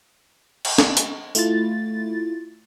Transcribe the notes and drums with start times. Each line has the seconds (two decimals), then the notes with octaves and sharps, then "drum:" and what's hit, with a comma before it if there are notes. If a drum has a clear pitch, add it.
0.65 drum: cymbal
0.78 drum: snare
0.97 drum: hi-hat
1.35 A3 E4 F4 A6, drum: tambourine